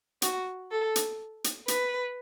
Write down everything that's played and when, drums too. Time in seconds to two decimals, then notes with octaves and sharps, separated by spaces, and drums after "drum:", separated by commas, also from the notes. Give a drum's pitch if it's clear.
0.22 F#4, drum: hi-hat
0.71 A4
0.96 drum: hi-hat
1.44 drum: hi-hat
1.68 B4, drum: hi-hat